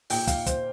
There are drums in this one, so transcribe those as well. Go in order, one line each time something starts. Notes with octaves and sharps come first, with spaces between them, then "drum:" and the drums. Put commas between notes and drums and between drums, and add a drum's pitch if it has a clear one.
A#2 A#3 G5, drum: open hi-hat
F5, drum: kick, hi-hat
C5, drum: kick, hi-hat